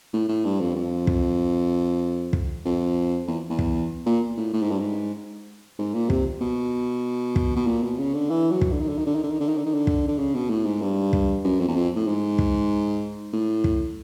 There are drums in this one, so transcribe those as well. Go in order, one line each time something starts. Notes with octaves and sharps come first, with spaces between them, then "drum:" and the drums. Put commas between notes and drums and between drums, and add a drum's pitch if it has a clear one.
A2
A2
G2
F2
F2
drum: kick
drum: kick
F2
E2
E2
drum: kick
A#2
A2
A2
G#2
G2
G#2
G#2
A#2
C3, drum: kick
B2
drum: kick
B2
A#2
B2
C#3
D3
E3
F#3
drum: kick
D3
D#3
D3
D#3
D3
D#3
D3
D#3
D3
D#3
D3
D#3
D3
drum: kick
D3
C#3
B2
A2
G#2
G2
drum: kick
F#2
F2
E2
F2
A2
G#2
drum: kick
A2
drum: kick